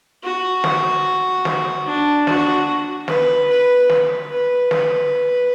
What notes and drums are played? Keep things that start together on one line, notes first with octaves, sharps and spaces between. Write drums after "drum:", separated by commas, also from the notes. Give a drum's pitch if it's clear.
F#4
drum: snare
drum: snare
D4
F#4, drum: snare
B4, drum: snare
B4
drum: snare
B4
drum: snare